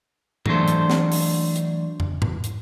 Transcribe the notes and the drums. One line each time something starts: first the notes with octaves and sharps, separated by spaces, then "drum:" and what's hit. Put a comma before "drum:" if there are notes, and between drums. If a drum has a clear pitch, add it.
E3 F#3 A3 D4 C5, drum: tom G#2
drum: hi-hat
drum: snare
drum: open hi-hat
drum: hi-hat
drum: tom
drum: tom G#2
drum: hi-hat